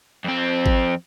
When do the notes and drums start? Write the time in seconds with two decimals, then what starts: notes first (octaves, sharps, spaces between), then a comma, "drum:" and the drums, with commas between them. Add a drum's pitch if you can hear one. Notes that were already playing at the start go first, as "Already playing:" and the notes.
0.24 F2 C4
0.66 drum: kick G#1